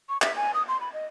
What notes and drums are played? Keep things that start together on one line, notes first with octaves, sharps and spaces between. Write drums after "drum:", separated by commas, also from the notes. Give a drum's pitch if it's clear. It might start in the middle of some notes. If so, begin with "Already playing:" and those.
C#6
E5, drum: clap
G#5
D#6
C6
B5
D#5